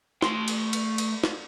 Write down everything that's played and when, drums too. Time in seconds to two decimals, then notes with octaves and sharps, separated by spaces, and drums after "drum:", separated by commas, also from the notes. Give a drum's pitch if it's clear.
0.22 A3 C6, drum: snare
0.48 drum: cymbal
0.73 drum: cymbal
0.98 drum: cymbal
1.24 drum: snare